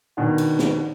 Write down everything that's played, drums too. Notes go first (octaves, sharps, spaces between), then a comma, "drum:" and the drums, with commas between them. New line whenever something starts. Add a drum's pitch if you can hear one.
B2 D#3 D4 D#4 F#4
drum: cymbal
drum: snare